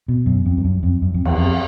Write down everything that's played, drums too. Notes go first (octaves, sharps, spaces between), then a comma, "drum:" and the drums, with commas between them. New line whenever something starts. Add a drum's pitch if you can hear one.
B2
F#2
F2
G2
F#2
F2
F#2
F2
E2, drum: cymbal
F2